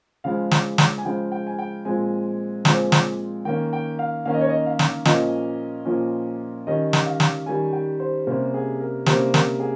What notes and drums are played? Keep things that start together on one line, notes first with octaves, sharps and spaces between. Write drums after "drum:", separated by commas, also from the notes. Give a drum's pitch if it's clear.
C#3 F3 G#3 F5
drum: snare
drum: snare
G#5
C#3 F3 G#3 G5
G5
G#5
G5
A#2 F3 G#3 C4 G#5
A#2 F3 G#3 C4, drum: snare
drum: snare
D#3 A#3 C#4 G5
G5
F5
D#3 A#3 C#4 F5
D#5
C#5
D#5
F5
drum: snare
A#2 F3 A#3 C#4 D#5, drum: snare
A#2 F3 A#3 C#4
D#3 G3 C#4 D#5
drum: snare
F5
drum: snare
D#3 G3 C#4 G#5
G5
C5
C3 G3 A#3 C#4 C5
G#4
A#4
C3 G3 A#3 C#4 C5, drum: snare
A#4, drum: snare
G#4